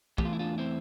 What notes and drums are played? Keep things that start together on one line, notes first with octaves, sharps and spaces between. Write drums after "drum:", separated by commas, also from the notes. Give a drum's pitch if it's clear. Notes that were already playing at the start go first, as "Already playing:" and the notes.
E2 E3 A3 G4, drum: kick
F4
E4
D4 F4
C4 E4